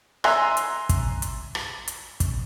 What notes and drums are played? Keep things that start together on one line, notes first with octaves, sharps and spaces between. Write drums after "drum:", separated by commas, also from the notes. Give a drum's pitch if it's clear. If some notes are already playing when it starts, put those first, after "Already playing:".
E5 G#5 A#5 C6 E6 F#6, drum: rim click
drum: hi-hat
drum: kick, hi-hat
drum: hi-hat
drum: rim click
drum: hi-hat
drum: kick, hi-hat